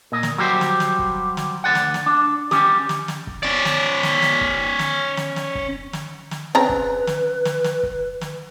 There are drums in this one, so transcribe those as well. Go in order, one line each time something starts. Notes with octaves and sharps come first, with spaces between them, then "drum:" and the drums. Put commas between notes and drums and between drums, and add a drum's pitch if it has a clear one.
A#2 D#5
drum: snare
F#3 G3 G4 C5
drum: snare
drum: snare
drum: kick
drum: snare
D2 D5 F#5
drum: snare
drum: snare
D4
G3 C#4 G4, drum: snare
drum: snare
drum: snare
drum: kick
C#4 D5
drum: snare
drum: snare
drum: snare
drum: kick
drum: snare
drum: snare
drum: snare
drum: kick
drum: snare
drum: snare
C#3 C4 B4 A#5
drum: kick
drum: snare
drum: snare
drum: snare
drum: kick
drum: snare